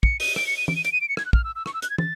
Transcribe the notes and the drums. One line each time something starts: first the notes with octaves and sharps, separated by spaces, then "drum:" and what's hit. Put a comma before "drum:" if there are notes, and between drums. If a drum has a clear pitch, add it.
C#7, drum: kick
D#7, drum: open hi-hat
D7, drum: rim click
C#7
D#7
D7, drum: tom
D#7
D7, drum: hi-hat
D#7
D7
C#7
G#6, drum: rim click
F#6
F6, drum: kick
E6
E6
C#6, drum: rim click
E6
F#6, drum: hi-hat
G#6
A6, drum: tom